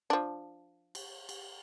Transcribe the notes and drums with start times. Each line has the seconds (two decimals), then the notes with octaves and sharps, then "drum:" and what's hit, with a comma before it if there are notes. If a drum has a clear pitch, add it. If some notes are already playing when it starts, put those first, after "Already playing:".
0.10 F3 D4
0.95 drum: cymbal
1.29 drum: cymbal